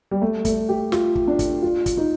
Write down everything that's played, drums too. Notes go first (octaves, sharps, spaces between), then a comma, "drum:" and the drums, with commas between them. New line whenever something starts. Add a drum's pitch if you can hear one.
G3
A3
A3, drum: kick, hi-hat
G4
F4, drum: snare
drum: kick
D4
drum: kick, hi-hat
F4
drum: kick, hi-hat
D#4